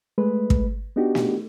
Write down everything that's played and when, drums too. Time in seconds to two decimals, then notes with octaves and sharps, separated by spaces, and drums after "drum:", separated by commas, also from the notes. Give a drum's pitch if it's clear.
0.18 G#3 A3 B4
0.50 drum: kick
0.96 B3 D4 D#4 F#4 G4
1.15 drum: snare